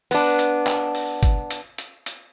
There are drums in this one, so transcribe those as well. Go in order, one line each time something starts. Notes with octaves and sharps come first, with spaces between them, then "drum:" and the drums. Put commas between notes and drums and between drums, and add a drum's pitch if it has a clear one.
B3 D4, drum: open hi-hat
drum: hi-hat
drum: clap
drum: open hi-hat
drum: kick G1, hi-hat
drum: hi-hat
drum: hi-hat
drum: hi-hat